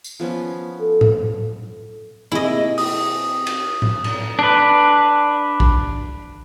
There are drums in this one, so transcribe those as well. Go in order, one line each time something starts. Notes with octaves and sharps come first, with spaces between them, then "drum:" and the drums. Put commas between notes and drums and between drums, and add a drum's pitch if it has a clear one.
drum: tambourine
F3 B3 C#4
A4
drum: tom A2
C3 A#3 E4 G#4 D#5
D#6, drum: open hi-hat
drum: cymbal
drum: tom A2
drum: cymbal
D4 B4
drum: kick